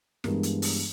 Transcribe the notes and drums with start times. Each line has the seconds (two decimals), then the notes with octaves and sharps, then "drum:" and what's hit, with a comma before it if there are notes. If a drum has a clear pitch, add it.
0.24 G2 E3 G#3 B3 A#4, drum: snare
0.43 drum: hi-hat
0.62 drum: open hi-hat